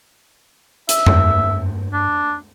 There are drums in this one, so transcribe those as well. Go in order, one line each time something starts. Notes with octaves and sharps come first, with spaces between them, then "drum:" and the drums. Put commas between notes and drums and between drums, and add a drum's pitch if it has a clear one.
E5, drum: hi-hat
G2, drum: tom F2
D4